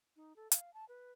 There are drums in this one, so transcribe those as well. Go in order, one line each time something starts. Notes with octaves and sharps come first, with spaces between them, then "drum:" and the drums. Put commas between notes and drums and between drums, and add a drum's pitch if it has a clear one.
D#4
A4
F5, drum: hi-hat
A5
B4